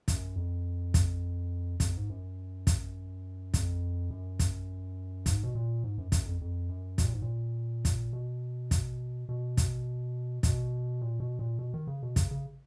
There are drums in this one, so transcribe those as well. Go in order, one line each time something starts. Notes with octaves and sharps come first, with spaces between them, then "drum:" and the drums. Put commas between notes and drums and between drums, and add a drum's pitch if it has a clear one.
F#2, drum: kick, hi-hat
F2
drum: kick, hi-hat
F2, drum: kick, hi-hat
G#2
F#2
drum: kick, hi-hat
F2, drum: kick, hi-hat
F#2
drum: kick, hi-hat
G#2, drum: kick, hi-hat
B2
A#2
G#2
F#2
F#2, drum: kick, hi-hat
F2
F2
F#2
B2, drum: kick, hi-hat
A#2
G#2
A#2
drum: kick, hi-hat
B2
drum: kick, hi-hat
B2
drum: kick, hi-hat
B2, drum: kick, hi-hat
A#2
B2
A#2
B2
D#3
C#3
B2
C#3, drum: kick, hi-hat
C#3